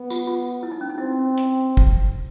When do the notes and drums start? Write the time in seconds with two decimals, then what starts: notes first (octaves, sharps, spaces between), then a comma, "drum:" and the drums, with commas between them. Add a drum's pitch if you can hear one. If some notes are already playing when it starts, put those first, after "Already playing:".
Already playing: B3
0.10 F4, drum: tambourine
0.27 F4
0.63 E4
0.72 D#4
0.81 C#4
0.90 D#4
0.98 C4 E4
1.38 drum: hi-hat
1.77 drum: kick